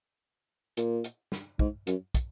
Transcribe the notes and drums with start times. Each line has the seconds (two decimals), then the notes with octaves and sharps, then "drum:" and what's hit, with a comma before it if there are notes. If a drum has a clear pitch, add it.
0.77 A#2, drum: hi-hat
1.04 drum: hi-hat
1.32 drum: snare
1.59 G#2, drum: kick
1.87 F#2, drum: hi-hat
2.15 drum: kick, hi-hat